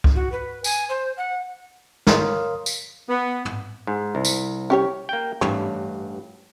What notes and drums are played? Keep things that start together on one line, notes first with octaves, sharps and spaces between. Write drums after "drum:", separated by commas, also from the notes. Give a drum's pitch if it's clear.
drum: kick C#2
F#4
B4
G#5, drum: tambourine
C5
F#5
A#4 C#5 F5 C6 D#6 F6, drum: snare
drum: tambourine
B3
drum: tom
G#2
C2
drum: tambourine
C#4 G4 C#5
A#3 G5
A1 G2 C#5, drum: tom